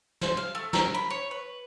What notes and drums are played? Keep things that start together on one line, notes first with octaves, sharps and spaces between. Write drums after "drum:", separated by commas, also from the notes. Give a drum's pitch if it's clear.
C5, drum: snare
F5
A3
A#4, drum: snare
B5
C#5
B4